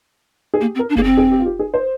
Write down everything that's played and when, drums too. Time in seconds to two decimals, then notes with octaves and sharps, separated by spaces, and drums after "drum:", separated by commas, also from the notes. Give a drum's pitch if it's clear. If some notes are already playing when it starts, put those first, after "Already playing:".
0.54 G#4
0.60 A#3 G4
0.75 C4
0.79 A#4
0.89 D4
0.97 A#3 G#4, drum: kick F#1
1.04 C4
1.17 G#4, drum: tom E2
1.31 G4
1.39 F4
1.46 G4
1.59 G#4
1.74 C5